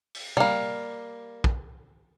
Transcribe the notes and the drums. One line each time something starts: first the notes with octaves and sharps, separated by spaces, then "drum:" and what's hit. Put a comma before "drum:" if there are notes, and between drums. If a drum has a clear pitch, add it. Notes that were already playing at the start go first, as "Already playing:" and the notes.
drum: open hi-hat
G3 A#3, drum: tom C3
drum: kick